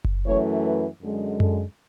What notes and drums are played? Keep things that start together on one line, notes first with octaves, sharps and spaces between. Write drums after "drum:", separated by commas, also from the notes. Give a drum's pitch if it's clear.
drum: kick F#1
F#2 E3 A3 C#5
B4
F#2 D3 G#3
A4, drum: tom F#2